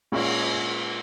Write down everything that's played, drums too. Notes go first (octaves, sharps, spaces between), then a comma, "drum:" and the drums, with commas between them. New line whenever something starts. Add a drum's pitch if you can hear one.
A#2 G#3 C#4 F4, drum: cymbal